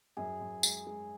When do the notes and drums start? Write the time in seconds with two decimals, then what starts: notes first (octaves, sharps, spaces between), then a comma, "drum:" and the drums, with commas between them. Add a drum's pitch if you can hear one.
0.17 F#2 G#4
0.41 F#2
0.63 G#3, drum: tambourine
0.86 G#3